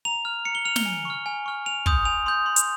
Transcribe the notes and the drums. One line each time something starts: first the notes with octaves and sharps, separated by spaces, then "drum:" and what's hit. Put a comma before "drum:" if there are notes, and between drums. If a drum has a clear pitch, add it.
A#5 F7
F6
A#5 C#7
G7
F6 F7
G7, drum: snare
G#5
C#6 F6
G#5
C#6 F6
G#5 F7
C6 D#6 G6, drum: kick
G#5 F7
C6 D#6 G6
C6
drum: hi-hat